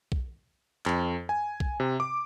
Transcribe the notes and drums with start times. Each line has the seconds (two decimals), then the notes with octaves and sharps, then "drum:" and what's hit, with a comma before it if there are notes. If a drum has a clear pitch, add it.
0.12 drum: kick
0.86 F2, drum: clap
1.29 G#5
1.60 drum: kick
1.80 C3
2.00 D6